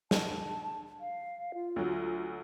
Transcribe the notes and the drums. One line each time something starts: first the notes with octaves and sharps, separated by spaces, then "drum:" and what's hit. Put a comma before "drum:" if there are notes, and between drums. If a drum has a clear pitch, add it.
A5, drum: snare
F5
F4
D2 F#3